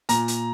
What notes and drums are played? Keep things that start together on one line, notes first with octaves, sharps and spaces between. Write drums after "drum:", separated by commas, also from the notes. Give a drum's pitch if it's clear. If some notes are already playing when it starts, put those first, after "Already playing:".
A#2 A#5, drum: hi-hat
drum: hi-hat